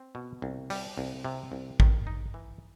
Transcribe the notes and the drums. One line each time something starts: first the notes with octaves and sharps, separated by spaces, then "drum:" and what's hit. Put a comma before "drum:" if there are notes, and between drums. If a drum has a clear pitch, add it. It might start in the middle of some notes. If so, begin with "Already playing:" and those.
Already playing: C4
B2
C2
G3, drum: open hi-hat
C2
C3
C2
D#3, drum: kick
D#4
E3